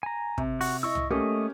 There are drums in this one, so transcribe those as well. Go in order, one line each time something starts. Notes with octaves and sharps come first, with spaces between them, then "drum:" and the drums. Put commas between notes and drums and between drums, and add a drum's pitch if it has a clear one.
G#5 A#5
C3, drum: kick
F#4, drum: open hi-hat
E4 D#5 C#6 E6
drum: tom
A3 A#3 C#4 G4 D#5